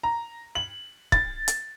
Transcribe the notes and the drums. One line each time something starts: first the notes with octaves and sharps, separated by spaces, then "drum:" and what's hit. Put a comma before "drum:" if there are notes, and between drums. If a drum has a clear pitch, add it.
A#5
F#7
A6, drum: kick
drum: hi-hat